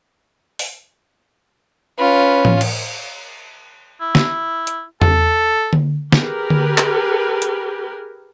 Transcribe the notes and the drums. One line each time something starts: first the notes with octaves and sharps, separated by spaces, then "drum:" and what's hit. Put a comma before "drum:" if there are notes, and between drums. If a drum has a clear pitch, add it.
drum: open hi-hat
C#4 F4 B4
drum: tom A2
drum: cymbal
E4
drum: snare
drum: hi-hat
A4, drum: tom E2
drum: tom D3
G4 G#4 A#4 B4, drum: snare
drum: tom D3
drum: clap
drum: hi-hat